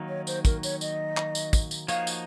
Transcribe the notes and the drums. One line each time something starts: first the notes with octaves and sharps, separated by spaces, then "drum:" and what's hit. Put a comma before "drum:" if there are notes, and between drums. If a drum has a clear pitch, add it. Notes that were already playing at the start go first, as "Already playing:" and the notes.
Already playing: D#3 F#3 A#3 D#4
C#5
C5, drum: tambourine
A#4, drum: kick, tambourine
C#5, drum: tambourine
D#5, drum: tambourine
drum: clap
drum: tambourine
drum: kick, tambourine
drum: tambourine
F3 A#3 D#4 F#4 C#5 F5, drum: tambourine
drum: tambourine